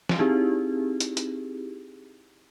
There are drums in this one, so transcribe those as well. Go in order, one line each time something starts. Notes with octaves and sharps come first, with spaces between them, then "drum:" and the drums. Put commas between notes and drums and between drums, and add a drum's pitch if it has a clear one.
drum: snare
C4 D#4 E4 G4 G#4
drum: hi-hat
drum: hi-hat